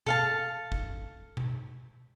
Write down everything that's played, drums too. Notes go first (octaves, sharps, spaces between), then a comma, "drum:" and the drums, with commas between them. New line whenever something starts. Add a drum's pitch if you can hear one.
A4 F5 A5, drum: tom B2
drum: kick G#1
drum: tom B2